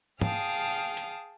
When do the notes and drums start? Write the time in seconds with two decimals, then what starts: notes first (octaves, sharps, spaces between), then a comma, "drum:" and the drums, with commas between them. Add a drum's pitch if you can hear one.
0.21 G#4 F5 G5 A5 D#6 F6, drum: tom
0.97 drum: hi-hat